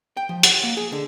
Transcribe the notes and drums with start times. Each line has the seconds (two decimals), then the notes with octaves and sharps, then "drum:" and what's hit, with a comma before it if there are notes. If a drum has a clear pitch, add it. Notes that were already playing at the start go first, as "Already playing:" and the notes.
0.17 G5
0.29 F3
0.43 F#5, drum: hi-hat
0.64 A#3
0.77 G#4
0.92 D3